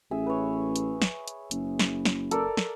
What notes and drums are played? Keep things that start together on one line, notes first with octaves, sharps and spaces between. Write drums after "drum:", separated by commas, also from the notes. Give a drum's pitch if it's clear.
A1 G#4 E5
B4 C#5
drum: hi-hat
drum: snare
drum: hi-hat
F#1, drum: hi-hat
drum: snare
drum: snare
A4 A#4 D5, drum: hi-hat
drum: snare